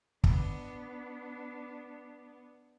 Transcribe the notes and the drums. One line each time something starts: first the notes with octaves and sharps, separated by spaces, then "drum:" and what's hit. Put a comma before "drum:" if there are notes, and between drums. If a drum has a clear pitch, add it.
B3 D4, drum: kick